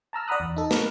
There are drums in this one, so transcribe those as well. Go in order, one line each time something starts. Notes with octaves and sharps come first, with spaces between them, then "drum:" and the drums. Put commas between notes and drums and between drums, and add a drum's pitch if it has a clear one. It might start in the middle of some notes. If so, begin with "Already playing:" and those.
A5 A#5 E6 F6
D5 F#5 A#5 B5 D#6 F#6
E2
D#4 A4
A#4 B4, drum: snare